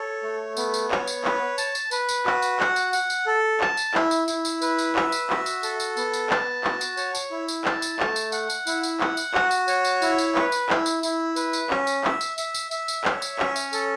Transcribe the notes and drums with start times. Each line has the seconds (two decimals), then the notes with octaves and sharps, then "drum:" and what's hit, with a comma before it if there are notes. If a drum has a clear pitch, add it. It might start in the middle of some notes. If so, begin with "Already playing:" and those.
Already playing: A4 C#5
0.23 A3
0.57 B3, drum: tambourine
0.74 drum: tambourine
0.91 C#5, drum: clap
1.07 drum: tambourine
1.24 B4, drum: clap
1.58 A5, drum: tambourine
1.75 drum: tambourine
1.91 B4, drum: tambourine
2.09 drum: tambourine
2.26 F#4, drum: clap
2.42 drum: tambourine
2.60 F#5, drum: clap
2.76 drum: tambourine
2.93 F#5, drum: tambourine
3.10 drum: tambourine
3.26 A4
3.61 A5, drum: clap
3.77 drum: tambourine
3.94 E4, drum: clap
4.11 drum: tambourine
4.28 E4, drum: tambourine
4.45 drum: tambourine
4.62 B4, drum: tambourine
4.79 drum: tambourine
4.96 E5, drum: clap
5.12 drum: tambourine
5.30 F#4, drum: clap
5.46 drum: tambourine
5.63 A4, drum: tambourine
5.80 drum: tambourine
5.97 B3, drum: tambourine
6.13 drum: tambourine
6.30 A5, drum: clap
6.64 F#4, drum: clap
6.81 drum: tambourine
6.97 C#5, drum: tambourine
7.15 drum: tambourine
7.31 E4
7.48 drum: tambourine
7.65 A5, drum: clap
7.82 drum: tambourine
8.00 A3, drum: clap
8.16 drum: tambourine
8.32 F#5, drum: tambourine
8.50 drum: tambourine
8.67 E4, drum: tambourine
8.83 drum: tambourine
9.00 F#5, drum: clap
9.17 drum: tambourine
9.34 F#4, drum: clap
9.51 drum: tambourine
9.68 C#5, drum: tambourine
9.85 drum: tambourine
10.02 E4, drum: tambourine
10.18 drum: tambourine
10.35 B4, drum: clap
10.52 drum: tambourine
10.70 E4, drum: clap
10.86 drum: tambourine
11.03 E4, drum: tambourine
11.36 B4, drum: tambourine
11.53 drum: tambourine
11.70 C#4, drum: clap
11.87 drum: tambourine
12.04 E5, drum: clap
12.21 drum: tambourine
12.38 E5, drum: tambourine
12.54 drum: tambourine
12.71 E5, drum: tambourine
12.88 drum: tambourine
13.04 C#5, drum: clap
13.22 drum: tambourine
13.39 C#4, drum: clap
13.56 drum: tambourine
13.73 A4, drum: tambourine